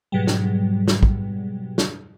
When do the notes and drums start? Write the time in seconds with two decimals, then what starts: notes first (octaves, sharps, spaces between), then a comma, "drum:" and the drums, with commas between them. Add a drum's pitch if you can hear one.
0.12 G#2 B2 F#3 G3
0.27 drum: snare
0.88 drum: snare
1.03 drum: kick
1.78 drum: snare